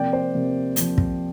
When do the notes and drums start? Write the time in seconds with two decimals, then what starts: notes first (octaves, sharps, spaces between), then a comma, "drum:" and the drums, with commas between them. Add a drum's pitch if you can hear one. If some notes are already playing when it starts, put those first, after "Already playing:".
Already playing: C3 F3 A#3 D5 G5
0.13 C5
0.34 C3 F3 A#3
0.76 C3 F3 A#3, drum: hi-hat
0.98 drum: kick